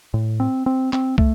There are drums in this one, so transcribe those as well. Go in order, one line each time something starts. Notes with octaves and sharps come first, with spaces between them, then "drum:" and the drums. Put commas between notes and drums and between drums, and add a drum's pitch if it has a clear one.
A2
C4
C4
C4, drum: clap
A3, drum: kick